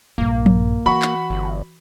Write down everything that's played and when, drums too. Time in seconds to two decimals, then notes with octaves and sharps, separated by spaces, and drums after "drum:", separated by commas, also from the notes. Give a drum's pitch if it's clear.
0.18 A#1 G2 A#3
0.46 drum: tom F3
0.86 E3 F#4 B5 C#6
1.02 drum: clap
1.30 G1